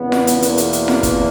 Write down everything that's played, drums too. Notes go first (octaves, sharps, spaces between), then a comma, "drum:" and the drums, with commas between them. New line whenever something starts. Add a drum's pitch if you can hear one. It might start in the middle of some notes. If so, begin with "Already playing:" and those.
Already playing: E2 C#3 G#3 B3
drum: snare F4
drum: hi-hat
E2 B2 A#3, drum: hi-hat
drum: hi-hat
drum: hi-hat
drum: snare F4
drum: kick, hi-hat